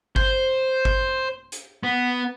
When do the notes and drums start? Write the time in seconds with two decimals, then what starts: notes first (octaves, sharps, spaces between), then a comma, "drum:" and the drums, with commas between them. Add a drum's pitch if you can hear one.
0.16 C5, drum: kick G1
0.85 drum: kick G1
1.52 drum: hi-hat
1.83 B3